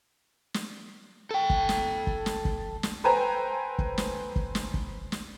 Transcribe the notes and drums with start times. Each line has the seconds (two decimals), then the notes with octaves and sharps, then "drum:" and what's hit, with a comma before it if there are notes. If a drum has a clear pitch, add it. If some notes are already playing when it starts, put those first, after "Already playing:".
0.54 drum: snare
1.31 A4 G5
1.50 drum: kick
1.69 drum: snare
2.07 drum: kick
2.26 drum: snare
2.45 drum: kick
2.83 drum: snare
3.04 A4 B4 C5 G5 G#5 A#5
3.79 drum: kick
3.98 drum: snare
4.36 drum: kick
4.55 drum: snare
4.74 drum: kick
5.12 drum: snare